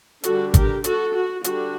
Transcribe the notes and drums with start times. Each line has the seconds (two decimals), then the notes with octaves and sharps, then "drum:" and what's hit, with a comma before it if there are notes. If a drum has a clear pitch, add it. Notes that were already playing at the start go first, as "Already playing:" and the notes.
0.23 D3 G3 D4 F#4 A4, drum: hi-hat
0.54 G4 A#4, drum: kick, hi-hat
0.84 F#4 A4, drum: hi-hat
1.14 F#4
1.44 D3 G3 D4 F#4, drum: hi-hat